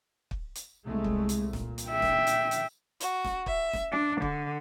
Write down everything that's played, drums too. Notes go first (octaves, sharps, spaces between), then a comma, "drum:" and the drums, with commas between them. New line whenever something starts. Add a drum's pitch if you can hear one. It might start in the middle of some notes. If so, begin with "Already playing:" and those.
drum: kick
drum: hi-hat
C2 G#3 A3
drum: kick
drum: hi-hat
A#2, drum: snare
drum: hi-hat
E5 G5
drum: snare
drum: hi-hat
drum: hi-hat
F#4, drum: hi-hat
drum: snare
E5, drum: kick
drum: snare
D4
D3, drum: kick